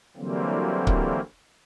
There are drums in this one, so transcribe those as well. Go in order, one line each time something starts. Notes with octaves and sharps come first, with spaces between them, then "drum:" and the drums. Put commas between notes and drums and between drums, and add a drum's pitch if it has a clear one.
D3 E3 F#3 G3 A#3 C4
drum: kick C#1